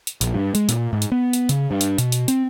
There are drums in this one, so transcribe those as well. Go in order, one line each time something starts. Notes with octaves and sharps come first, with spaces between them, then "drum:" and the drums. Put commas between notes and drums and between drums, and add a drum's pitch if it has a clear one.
drum: hi-hat
A#1, drum: hi-hat
G2
G#3, drum: hi-hat
A#2, drum: hi-hat
G#2
drum: hi-hat
B3
drum: hi-hat
C#3, drum: hi-hat
G2
drum: hi-hat
B2, drum: hi-hat
drum: hi-hat
C4, drum: hi-hat